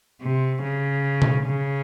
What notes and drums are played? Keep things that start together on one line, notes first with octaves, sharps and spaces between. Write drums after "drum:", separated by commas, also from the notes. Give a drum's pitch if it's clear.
C3
C#3
drum: tom B2
C#3